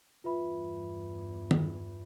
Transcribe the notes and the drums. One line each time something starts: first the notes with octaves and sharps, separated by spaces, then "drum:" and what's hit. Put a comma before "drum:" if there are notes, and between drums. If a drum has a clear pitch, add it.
E2 G2 F4 B4 E5 B5
drum: tom D#3